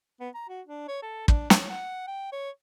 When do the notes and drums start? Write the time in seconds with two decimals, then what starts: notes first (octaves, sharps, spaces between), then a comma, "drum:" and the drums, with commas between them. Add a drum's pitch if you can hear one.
0.20 B3
0.35 A#5
0.49 F#4
0.67 D4
0.88 C#5
1.03 A4
1.28 D4, drum: kick
1.50 C#5, drum: snare
1.70 F#5
2.07 G5
2.32 C#5